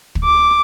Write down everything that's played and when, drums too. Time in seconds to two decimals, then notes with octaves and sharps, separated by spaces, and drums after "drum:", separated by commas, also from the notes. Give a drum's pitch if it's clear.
0.15 drum: kick
0.24 D6